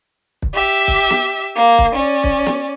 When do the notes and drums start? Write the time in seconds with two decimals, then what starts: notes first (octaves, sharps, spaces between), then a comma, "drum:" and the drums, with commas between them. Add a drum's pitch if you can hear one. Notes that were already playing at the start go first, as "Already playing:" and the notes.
0.42 drum: kick
0.54 G4 E5
0.88 drum: kick
1.10 drum: snare
1.56 A#3
1.78 drum: kick
1.95 C#4 D5
2.24 drum: kick
2.46 drum: snare